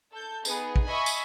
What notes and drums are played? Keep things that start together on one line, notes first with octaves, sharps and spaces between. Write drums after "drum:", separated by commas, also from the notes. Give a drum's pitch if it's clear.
A4 G6
B3 D#4 G#4, drum: tambourine
drum: kick
D#5 E5 G#5 B5 C#6
drum: tambourine